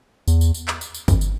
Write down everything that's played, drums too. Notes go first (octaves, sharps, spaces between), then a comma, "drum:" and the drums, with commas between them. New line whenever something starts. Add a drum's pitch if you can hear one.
E2, drum: tambourine
drum: tambourine
drum: tambourine
drum: clap
drum: tambourine
drum: tambourine
F#2, drum: kick, tambourine
drum: tambourine